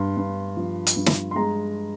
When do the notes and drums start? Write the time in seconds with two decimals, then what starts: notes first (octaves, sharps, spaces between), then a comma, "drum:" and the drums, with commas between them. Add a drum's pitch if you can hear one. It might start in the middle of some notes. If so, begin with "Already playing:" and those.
Already playing: G2 C6
0.17 G2
0.57 F3
0.87 drum: hi-hat
0.96 G2
1.06 drum: snare
1.31 C6
1.36 G#3 A#5